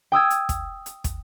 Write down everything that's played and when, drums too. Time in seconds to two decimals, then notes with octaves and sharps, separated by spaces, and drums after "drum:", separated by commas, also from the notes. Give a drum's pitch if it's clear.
0.12 G5 D#6 E6 G#6
0.30 drum: hi-hat
0.49 drum: kick, hi-hat
0.86 drum: hi-hat
1.04 drum: kick, hi-hat